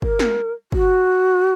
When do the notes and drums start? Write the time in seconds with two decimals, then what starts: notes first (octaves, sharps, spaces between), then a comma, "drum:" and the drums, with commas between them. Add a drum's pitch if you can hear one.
0.02 A#4, drum: kick
0.19 drum: snare
0.72 F#4, drum: kick